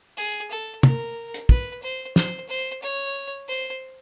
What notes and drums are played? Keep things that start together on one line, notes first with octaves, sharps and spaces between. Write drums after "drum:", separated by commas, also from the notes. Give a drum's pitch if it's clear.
G#4
A4
A#4, drum: tom
drum: hi-hat
B4, drum: kick
C5
C5, drum: snare
C5
C#5
C5